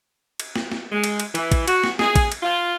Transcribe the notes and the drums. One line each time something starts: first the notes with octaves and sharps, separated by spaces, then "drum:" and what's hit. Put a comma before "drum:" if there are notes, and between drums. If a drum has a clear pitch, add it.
drum: cymbal
drum: snare
drum: snare
G#3
drum: cymbal
drum: cymbal
E3, drum: cymbal
drum: kick, cymbal
F#4, drum: cymbal
drum: snare
G#4, drum: snare
drum: kick, cymbal
drum: cymbal
F4